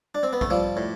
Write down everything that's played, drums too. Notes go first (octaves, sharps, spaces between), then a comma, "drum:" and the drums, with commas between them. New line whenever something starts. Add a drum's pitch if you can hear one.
D4
C4
B3
A3, drum: kick A#1
F3 G3
A2